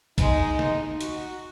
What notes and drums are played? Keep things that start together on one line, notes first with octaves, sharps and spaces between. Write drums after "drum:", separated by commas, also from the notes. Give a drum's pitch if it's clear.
G#3 D#4, drum: kick B1, hi-hat
drum: snare
F#4, drum: hi-hat